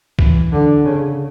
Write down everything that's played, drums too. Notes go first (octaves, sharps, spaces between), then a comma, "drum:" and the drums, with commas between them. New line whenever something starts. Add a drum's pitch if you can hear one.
E3, drum: kick
D3
C#3